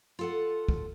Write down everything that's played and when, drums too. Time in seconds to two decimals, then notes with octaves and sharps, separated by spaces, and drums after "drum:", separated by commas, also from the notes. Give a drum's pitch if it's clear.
0.19 F4 A4 F#5
0.69 drum: kick